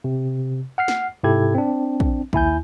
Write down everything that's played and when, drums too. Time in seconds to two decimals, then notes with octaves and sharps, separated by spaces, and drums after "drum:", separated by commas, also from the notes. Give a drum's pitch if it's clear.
0.04 C3
0.78 F#5 F6 C7
0.88 drum: snare
1.23 G#2 C3 E4 G4 A4 G#6
1.55 C4 D4
2.00 drum: kick
2.33 D#2 E4 G#5 G6, drum: kick